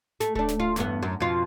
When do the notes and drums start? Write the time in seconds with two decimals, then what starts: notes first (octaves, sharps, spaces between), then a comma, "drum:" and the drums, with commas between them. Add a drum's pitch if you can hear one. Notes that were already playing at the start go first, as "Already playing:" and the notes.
0.20 A3, drum: snare
0.35 A3 D4, drum: kick D1
0.48 drum: snare
0.60 F4
0.76 E2 G2 B3, drum: snare
1.03 F#2
1.20 F2 B2 F4